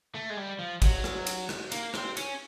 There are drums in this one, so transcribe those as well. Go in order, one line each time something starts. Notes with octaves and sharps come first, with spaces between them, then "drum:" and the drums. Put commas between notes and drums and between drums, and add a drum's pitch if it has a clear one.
A3
G#3
G3
F3
F#3, drum: kick G#1, cymbal
drum: rim click
drum: cymbal
drum: rim click
A#3, drum: cymbal
C4, drum: rim click
C#4, drum: cymbal